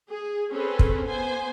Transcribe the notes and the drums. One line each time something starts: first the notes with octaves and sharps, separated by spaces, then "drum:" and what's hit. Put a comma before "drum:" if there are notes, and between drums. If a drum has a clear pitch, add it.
G#4
C4 C#4 G#4 A4 B4 C5
drum: kick
B3 C5 G#5